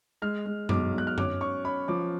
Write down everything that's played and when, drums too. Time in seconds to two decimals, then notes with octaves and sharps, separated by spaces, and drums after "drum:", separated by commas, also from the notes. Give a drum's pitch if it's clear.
0.22 G#3 F6
0.46 G#3
0.69 B1 D6, drum: tom F#2
0.94 B1 F#6
1.07 F6
1.18 C#4 D6, drum: tom F#2
1.40 C#4 C#6
1.64 C#4 B5
1.88 F3 D6